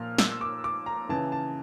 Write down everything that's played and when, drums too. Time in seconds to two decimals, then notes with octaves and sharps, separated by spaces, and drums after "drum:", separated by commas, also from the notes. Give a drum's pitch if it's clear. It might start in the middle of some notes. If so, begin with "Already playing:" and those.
Already playing: A#2 F3 F6
0.18 E6, drum: snare
0.41 D6
0.64 D6
0.86 A#5
1.09 C#3 E3 A5
1.32 A5